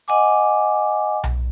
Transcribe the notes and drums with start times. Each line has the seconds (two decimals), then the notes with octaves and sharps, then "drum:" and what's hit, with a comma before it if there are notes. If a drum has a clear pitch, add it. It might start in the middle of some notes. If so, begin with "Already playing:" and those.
0.08 D#5 F#5 G#5 D6
1.24 drum: tom B1